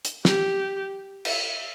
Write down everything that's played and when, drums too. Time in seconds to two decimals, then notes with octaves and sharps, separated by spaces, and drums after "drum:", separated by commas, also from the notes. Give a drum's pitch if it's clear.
0.05 drum: hi-hat
0.25 G4, drum: snare
1.25 drum: cymbal